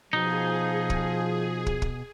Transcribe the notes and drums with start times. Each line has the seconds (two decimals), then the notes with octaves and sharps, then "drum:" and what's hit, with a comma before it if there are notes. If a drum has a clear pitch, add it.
0.13 B2 F3 D#4 G#4
0.90 drum: kick
1.66 drum: kick
1.82 drum: kick